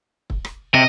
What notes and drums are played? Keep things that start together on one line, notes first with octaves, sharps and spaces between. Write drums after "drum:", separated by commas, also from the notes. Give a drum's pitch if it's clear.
drum: kick
drum: rim click
C3 D#5